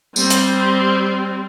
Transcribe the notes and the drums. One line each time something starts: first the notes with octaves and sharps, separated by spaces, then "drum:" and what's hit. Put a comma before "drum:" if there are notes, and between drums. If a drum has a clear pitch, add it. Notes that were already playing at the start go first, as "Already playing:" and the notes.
G3 C4, drum: tambourine
drum: hi-hat